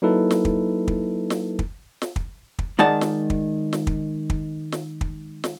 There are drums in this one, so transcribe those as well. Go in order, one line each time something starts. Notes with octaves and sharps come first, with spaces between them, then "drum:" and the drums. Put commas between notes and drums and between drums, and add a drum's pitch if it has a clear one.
F#3 A#3 D#4 E4 A4 B4
drum: snare
drum: kick
drum: kick
drum: snare
drum: kick
drum: snare
drum: kick
drum: kick
D#3 G#3 D5 F#5 A5
drum: snare
drum: kick
drum: snare
drum: kick
drum: kick
drum: snare
drum: kick
drum: snare